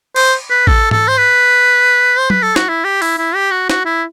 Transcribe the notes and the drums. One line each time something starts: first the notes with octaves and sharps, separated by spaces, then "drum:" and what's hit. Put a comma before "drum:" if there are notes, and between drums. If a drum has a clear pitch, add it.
C5, drum: cymbal
B4
A4, drum: kick A1
A4, drum: tom G#2
C5
B4
C5
B4, drum: tom F#3
A4
F#4, drum: snare
E4
G4
E4, drum: open hi-hat
E4
G4
F#4
F#4, drum: snare
E4